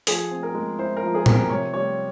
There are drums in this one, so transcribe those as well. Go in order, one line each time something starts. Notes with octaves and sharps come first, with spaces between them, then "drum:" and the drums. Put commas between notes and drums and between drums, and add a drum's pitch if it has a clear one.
F3 G#4, drum: open hi-hat
C4
A#4
G#3
E4 C5
A#4
F3
G#4
C4, drum: tom A2
A#4
C3 C#5
G3 C#5